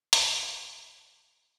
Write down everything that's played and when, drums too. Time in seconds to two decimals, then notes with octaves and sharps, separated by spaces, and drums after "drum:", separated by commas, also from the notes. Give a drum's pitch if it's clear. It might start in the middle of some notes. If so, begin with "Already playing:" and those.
0.13 A#2 G3 D4 D5, drum: hi-hat